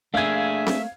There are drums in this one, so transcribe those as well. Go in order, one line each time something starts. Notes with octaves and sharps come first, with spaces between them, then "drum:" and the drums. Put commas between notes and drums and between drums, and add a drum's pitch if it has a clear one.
A3 A#3 D4 G#4 E5 F5 G#6
drum: snare C4